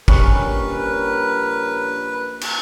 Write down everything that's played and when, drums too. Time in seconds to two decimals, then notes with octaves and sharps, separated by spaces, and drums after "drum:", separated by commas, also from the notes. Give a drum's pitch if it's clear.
0.08 A#1 G3 C#4 A#4 B4, drum: kick
2.41 drum: cymbal